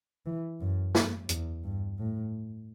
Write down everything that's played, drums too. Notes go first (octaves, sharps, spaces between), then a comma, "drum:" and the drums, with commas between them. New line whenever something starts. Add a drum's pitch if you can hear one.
E3
F#2
F#2, drum: snare
E2, drum: hi-hat
G2
A2